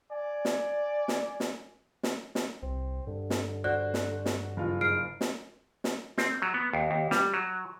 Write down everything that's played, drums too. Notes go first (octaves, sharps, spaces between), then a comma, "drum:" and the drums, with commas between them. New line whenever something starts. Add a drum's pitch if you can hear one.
D5 G#5
drum: snare
drum: snare
drum: snare
drum: snare
drum: snare
C2 C4
G2 D3
drum: snare
F#4 C5 D5 F#6
drum: snare
drum: snare
F#1 F4
G#2 F6 C7 D7
drum: snare
drum: snare
C4, drum: snare
F#3
B3
D#2
D#2
G3, drum: snare
F#3